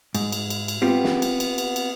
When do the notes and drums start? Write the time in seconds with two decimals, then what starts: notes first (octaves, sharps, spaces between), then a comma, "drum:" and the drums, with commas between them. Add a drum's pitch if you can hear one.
0.15 G#2, drum: cymbal
0.32 drum: cymbal
0.50 drum: cymbal
0.68 drum: cymbal
0.82 B3 C4 F4 G4
1.04 drum: snare
1.22 drum: cymbal
1.40 drum: cymbal
1.58 drum: cymbal
1.76 drum: cymbal